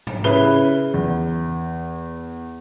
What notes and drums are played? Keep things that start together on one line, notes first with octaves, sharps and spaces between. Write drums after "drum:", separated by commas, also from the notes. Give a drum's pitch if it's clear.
drum: tom
C#3 E4 B4 G7
E2